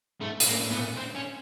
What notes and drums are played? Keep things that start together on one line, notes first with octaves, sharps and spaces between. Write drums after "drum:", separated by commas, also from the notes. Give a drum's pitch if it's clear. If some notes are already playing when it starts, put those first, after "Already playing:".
G#2 A3
A2, drum: hi-hat
A#3
A2
A2 B3
A#2
C4
C#4